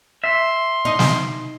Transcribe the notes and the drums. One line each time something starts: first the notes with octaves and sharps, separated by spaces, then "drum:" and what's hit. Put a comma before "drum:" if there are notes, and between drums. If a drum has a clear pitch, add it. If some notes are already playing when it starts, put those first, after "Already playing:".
E5 C6
D#4
drum: snare